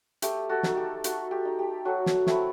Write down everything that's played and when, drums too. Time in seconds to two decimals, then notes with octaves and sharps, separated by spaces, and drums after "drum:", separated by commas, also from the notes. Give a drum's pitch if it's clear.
0.22 A3 G4, drum: hi-hat
0.49 F#4 A4
0.63 D#4 A4, drum: snare
0.76 G4
1.04 A3 F#4, drum: hi-hat
1.31 G4
1.45 D#4
1.59 G4
1.85 F#3 F#4 A4
2.06 drum: snare
2.27 A3 C4 E4, drum: snare